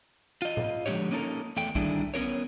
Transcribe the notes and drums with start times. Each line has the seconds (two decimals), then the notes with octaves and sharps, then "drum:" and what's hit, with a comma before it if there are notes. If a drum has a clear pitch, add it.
0.42 F4 D#5
0.57 drum: tom A2
0.86 D3 F3 G#3 D4 G4 C#5
1.11 A#3 C#4 D#4 A4 A#4
1.57 E2 A3 G5
1.75 D3 D#3 G3 D4 E4 G#4, drum: kick
2.14 B3 C#4 D4 A#4 C#5